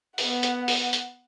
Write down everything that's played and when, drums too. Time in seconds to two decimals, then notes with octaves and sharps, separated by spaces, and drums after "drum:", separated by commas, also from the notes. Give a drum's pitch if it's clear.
0.18 B3 F#5, drum: open hi-hat
0.43 drum: hi-hat
0.68 drum: open hi-hat
0.93 drum: hi-hat